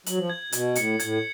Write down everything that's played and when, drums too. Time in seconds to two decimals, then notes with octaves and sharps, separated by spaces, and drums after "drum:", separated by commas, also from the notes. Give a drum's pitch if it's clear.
0.06 F#3 F#7, drum: hi-hat
0.18 F3
0.30 G#6
0.52 B2 G#6, drum: hi-hat
0.75 A2 C#7, drum: hi-hat
0.99 A2 G#6, drum: hi-hat